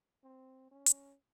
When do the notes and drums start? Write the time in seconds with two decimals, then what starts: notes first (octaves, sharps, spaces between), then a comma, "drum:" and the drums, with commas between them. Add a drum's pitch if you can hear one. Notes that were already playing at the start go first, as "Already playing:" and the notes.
0.24 C4
0.71 C#4
0.86 drum: hi-hat